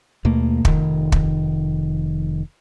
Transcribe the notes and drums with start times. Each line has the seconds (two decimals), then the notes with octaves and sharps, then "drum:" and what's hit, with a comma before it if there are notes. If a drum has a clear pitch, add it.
0.25 D#2 B2 A3 A#3
0.65 F1 D#3, drum: kick
1.12 drum: kick